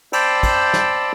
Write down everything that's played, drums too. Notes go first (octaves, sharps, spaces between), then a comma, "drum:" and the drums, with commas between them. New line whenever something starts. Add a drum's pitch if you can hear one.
C5 D5 G5 A5 B5 E6, drum: cymbal
drum: kick, cymbal
drum: snare